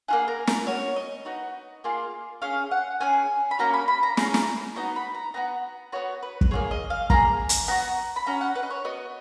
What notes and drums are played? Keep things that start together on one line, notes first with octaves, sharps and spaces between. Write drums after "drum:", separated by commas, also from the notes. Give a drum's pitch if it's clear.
A#3 F4 G#4 F#5
A#4
A#4, drum: snare
C#4 F#4 C#5
D#5
B3 D#4 F#4
A#3 F4 G#4
C#4 G#4 F5
F#5
C#4 G#4 G#5
B5
A#3 C#4 F#4 A#5
B5
B5
A#5
C#4 G#4 A#5, drum: snare
drum: snare
B3 D#4 F#4 A#5
B5
A#5
B3 D#4 F#4 A#5
B3 F#4 C#5
B4
drum: kick
A#3 F4 G#4 C#5
D#5
F5
A#3 F4 G#4 A#5, drum: kick
drum: hi-hat
B3 F#4 A#5
B5
C#4 F#4 A#5
F#5
B4
D#5
C#5
B3 F#4 D#5